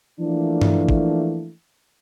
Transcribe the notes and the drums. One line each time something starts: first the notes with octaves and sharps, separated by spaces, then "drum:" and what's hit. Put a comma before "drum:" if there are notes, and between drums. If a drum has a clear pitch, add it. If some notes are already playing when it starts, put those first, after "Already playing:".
E3 F3 A3 A#3 D4
drum: tom G2
drum: kick